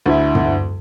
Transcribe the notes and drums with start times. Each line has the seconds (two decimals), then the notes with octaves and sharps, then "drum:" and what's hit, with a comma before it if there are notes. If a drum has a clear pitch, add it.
0.06 D2 E4
0.35 drum: tom